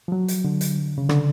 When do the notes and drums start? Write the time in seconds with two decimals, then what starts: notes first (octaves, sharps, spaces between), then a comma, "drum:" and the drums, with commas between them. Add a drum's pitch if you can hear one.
0.08 F3
0.12 F#3
0.28 drum: hi-hat
0.44 D3
0.61 drum: hi-hat
0.98 C#3
1.09 D3, drum: rim click